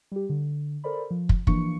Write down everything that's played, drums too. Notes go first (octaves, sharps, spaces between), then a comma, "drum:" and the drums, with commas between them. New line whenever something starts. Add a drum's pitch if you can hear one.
G3 G4
D3
A4 A#4 C5 D5 B5
F3
drum: kick
E3 F3 A#3 D4 C#6 C#7, drum: kick